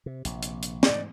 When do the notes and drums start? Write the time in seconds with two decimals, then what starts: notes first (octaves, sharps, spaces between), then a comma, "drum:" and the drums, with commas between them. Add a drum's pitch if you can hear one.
0.06 C3
0.25 A#1 C3, drum: hi-hat
0.43 drum: hi-hat
0.63 drum: hi-hat
0.83 G#2 D#4 D5 F#5, drum: snare